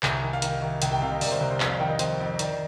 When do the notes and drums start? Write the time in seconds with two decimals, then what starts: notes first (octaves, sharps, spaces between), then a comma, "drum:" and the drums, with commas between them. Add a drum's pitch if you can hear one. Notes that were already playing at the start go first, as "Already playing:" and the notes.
0.03 C2 G#5, drum: clap
0.14 G#5
0.23 D#3
0.33 F5
0.42 D#3, drum: hi-hat
0.62 D#3
0.82 C2 G5, drum: hi-hat
0.92 G5
1.01 C3 F5
1.12 D#5
1.21 C2 A#4 D5, drum: open hi-hat
1.32 C5
1.40 C2 A#4
1.51 C5
1.60 F2 D5, drum: clap
1.70 F5
1.80 D#3 G5
1.90 D#5
1.99 F2 C5, drum: hi-hat
2.20 F2
2.39 D#3 D5, drum: hi-hat